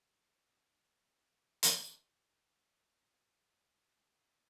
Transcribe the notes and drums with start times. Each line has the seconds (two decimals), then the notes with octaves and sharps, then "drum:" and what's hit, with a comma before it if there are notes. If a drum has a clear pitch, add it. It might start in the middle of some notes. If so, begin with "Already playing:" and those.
0.23 E2 A2 C3
1.63 drum: hi-hat
2.13 G3 B3 F#4 G4 A4 B5 C#6